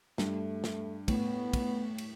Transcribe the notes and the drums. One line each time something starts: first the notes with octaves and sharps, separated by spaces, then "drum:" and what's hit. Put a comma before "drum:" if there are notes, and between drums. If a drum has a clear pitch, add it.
G2 A3, drum: snare
drum: snare
A2 B3, drum: kick, cymbal
drum: kick, cymbal
drum: cymbal